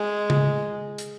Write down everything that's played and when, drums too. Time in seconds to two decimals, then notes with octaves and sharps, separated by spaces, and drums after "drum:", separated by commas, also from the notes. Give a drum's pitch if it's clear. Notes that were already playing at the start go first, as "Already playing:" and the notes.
Already playing: G#3
0.30 drum: tom C#3
0.98 drum: hi-hat